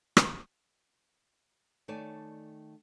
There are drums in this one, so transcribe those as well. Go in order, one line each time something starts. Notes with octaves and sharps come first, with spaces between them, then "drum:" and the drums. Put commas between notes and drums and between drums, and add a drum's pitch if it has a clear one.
drum: rim click
D#3 A3 C#5 D5 G#5 A5